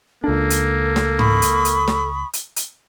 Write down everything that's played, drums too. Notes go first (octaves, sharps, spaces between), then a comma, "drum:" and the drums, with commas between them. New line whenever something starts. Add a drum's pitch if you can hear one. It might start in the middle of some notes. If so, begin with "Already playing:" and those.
C#2 A#3 D4 A4
drum: hi-hat
drum: snare
B5 C#6 D#6, drum: tom G#2
drum: hi-hat
drum: hi-hat
drum: snare
drum: hi-hat
drum: hi-hat